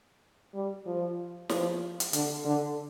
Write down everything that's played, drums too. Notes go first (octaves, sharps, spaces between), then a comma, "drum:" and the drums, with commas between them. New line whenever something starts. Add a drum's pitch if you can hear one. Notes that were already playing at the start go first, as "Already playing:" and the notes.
G3
F3
F3, drum: snare
drum: hi-hat
D3, drum: hi-hat
D3